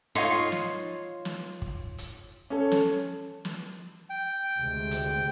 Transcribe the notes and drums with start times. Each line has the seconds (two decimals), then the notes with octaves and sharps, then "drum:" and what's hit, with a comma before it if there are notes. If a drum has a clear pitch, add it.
0.15 D#4 F4 C#5 C6
0.52 drum: snare
1.25 drum: snare
1.62 drum: kick
1.98 drum: hi-hat
2.50 C#4 A4
2.72 drum: snare
3.45 drum: snare
4.10 G5
4.58 D2 C3 G#3
4.91 drum: hi-hat